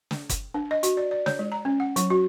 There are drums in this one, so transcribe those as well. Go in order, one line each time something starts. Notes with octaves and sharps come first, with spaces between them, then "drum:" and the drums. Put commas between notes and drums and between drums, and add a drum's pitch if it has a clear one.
drum: snare
drum: kick F#1, hi-hat
D4
D#5
F#4, drum: hi-hat
D5
D5
C#5, drum: snare
G#3
A#5
C#4
F#5
F#3, drum: hi-hat
F#4